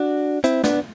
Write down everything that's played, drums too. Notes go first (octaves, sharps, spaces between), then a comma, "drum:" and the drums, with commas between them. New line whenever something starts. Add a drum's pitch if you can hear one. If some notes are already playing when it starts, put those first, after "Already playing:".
Already playing: D4 F#4
C4 E4, drum: hi-hat
B3 D4, drum: snare